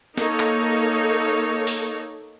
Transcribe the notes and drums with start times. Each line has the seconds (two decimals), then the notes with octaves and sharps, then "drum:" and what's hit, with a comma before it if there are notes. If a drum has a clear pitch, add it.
0.18 A#3 D#4 A4 C#5, drum: snare
0.40 drum: clap
1.67 drum: open hi-hat